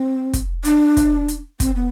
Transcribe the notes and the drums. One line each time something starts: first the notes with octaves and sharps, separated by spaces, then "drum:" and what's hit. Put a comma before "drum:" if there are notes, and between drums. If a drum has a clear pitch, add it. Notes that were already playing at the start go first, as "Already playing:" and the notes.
Already playing: C4
drum: kick, hi-hat
D4, drum: hi-hat
drum: kick, hi-hat
drum: hi-hat
C4, drum: kick, hi-hat
B3